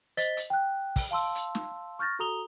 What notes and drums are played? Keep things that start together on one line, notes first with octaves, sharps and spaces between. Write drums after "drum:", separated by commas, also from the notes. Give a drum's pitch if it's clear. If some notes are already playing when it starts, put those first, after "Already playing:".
C5 D#5 A6 B6 G7, drum: hi-hat
drum: hi-hat
G5 F#6
drum: kick, open hi-hat
F5 A5 C6 E6
drum: hi-hat
drum: snare
C#6 F6 G6 A6 A#6
F#4 A4 A#5 D#6 F7 G7